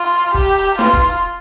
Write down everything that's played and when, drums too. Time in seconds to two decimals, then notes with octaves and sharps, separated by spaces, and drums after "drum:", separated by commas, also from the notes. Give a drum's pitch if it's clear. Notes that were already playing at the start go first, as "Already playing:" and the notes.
Already playing: F4
0.34 G4, drum: kick
0.79 F4, drum: snare
0.93 drum: kick